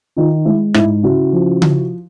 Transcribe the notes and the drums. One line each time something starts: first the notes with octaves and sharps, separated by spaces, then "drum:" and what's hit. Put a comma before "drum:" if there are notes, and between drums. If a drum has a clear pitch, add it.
D#3 D#4 F4
G#3 E4
G#2 E4, drum: rim click
C#3 E4 F#4
F3
drum: tom C#3